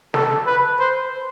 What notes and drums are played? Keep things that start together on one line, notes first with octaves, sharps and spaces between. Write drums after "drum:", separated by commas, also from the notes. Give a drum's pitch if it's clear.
A4, drum: snare
B4
C5